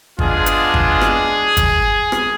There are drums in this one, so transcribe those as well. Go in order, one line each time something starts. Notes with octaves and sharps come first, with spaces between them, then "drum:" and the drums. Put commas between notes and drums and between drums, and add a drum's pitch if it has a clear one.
G#3 B3 D4 F4 G#4, drum: kick
drum: hi-hat
drum: kick
drum: rim click
drum: kick, hi-hat
drum: rim click